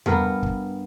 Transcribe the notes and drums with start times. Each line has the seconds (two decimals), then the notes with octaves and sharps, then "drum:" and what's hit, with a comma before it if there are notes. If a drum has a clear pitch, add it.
0.06 G2 B3 A#4, drum: tom E2
0.43 drum: kick